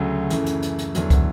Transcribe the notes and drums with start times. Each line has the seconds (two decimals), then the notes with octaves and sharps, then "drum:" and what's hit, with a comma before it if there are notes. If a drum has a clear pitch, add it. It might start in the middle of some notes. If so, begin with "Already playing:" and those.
Already playing: D2 C#3 F#3 A3
0.30 F#2 C#3 E3 A3, drum: hi-hat
0.46 drum: hi-hat
0.62 drum: hi-hat
0.78 drum: hi-hat
0.95 E2 D3 F#3, drum: hi-hat
1.10 drum: kick, hi-hat